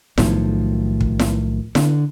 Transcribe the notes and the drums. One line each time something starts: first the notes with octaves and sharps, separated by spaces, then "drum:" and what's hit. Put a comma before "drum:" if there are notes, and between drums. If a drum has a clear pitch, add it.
B1 A2 D#3 F3, drum: snare E4
drum: kick
drum: snare E4
D3, drum: snare E4